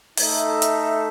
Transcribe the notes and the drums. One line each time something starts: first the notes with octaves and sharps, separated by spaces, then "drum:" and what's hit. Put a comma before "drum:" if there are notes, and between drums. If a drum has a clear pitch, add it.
A3 D#4 A4 E5, drum: open hi-hat
drum: hi-hat